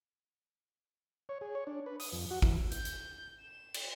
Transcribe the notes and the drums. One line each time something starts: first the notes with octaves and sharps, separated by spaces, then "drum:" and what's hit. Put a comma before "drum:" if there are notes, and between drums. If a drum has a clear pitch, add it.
C#5
G#4
C#5
D4
B4
D#6, drum: open hi-hat
F2
F#4
E3, drum: kick G#1
G6, drum: hi-hat
drum: hi-hat
E7
drum: cymbal